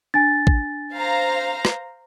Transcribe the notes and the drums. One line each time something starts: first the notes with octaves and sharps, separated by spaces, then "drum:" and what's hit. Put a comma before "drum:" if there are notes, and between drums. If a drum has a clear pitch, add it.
D4 G#5 A6
drum: kick A1
C5 F5 A#5
drum: rim click